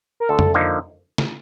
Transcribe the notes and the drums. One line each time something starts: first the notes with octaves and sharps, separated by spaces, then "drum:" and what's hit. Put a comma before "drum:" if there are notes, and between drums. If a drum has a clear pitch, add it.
A#4
D2 A4
drum: tom F2
D3 F3 A#3 D#4
drum: snare